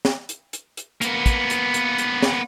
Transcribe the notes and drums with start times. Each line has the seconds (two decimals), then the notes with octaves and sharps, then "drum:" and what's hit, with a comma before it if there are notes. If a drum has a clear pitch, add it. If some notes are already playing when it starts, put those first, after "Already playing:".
0.05 drum: snare
0.29 drum: hi-hat
0.53 drum: hi-hat
0.77 drum: hi-hat
1.02 A#3 B3, drum: hi-hat
1.26 drum: kick, hi-hat
1.50 drum: hi-hat
1.74 drum: hi-hat
1.98 drum: hi-hat
2.23 drum: snare